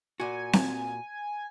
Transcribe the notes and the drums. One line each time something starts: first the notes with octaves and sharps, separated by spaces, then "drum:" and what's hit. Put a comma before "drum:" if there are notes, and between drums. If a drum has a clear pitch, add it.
A#2 F#4 G#5
drum: snare C4